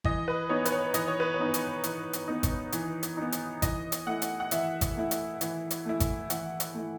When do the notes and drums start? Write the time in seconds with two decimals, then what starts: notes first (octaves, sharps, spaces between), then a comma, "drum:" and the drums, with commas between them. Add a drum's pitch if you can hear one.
0.04 E3 D#5, drum: kick G#1
0.28 B4
0.49 B3 D#4 C#5
0.65 B4, drum: hi-hat
0.72 C#5
0.94 E3 D#5, drum: hi-hat
1.08 C#5
1.20 B4
1.34 C#5
1.39 B3 D#4
1.54 drum: hi-hat
1.84 E3, drum: hi-hat
2.13 drum: hi-hat
2.28 B3 D#4
2.43 drum: kick G#1, hi-hat
2.72 E3, drum: hi-hat
3.03 drum: hi-hat
3.17 B3 D#4
3.32 drum: hi-hat
3.62 E3 D#5, drum: kick G#1, hi-hat
3.92 drum: hi-hat
4.06 A3 E4 F#5
4.22 drum: hi-hat
4.40 F#5
4.51 E3 E5, drum: hi-hat
4.81 drum: kick G#1, hi-hat
4.97 A3 E4
5.11 drum: hi-hat
5.41 E3, drum: hi-hat
5.71 drum: hi-hat
5.85 A3 E4
6.00 drum: kick G#1, hi-hat
6.30 E3 F#5, drum: hi-hat
6.60 drum: hi-hat
6.74 A3 E4